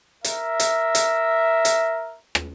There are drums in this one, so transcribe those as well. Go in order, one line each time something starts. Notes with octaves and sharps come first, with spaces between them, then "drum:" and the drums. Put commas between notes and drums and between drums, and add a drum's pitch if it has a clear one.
A#4 E5, drum: hi-hat
drum: hi-hat
drum: hi-hat
drum: hi-hat
drum: rim click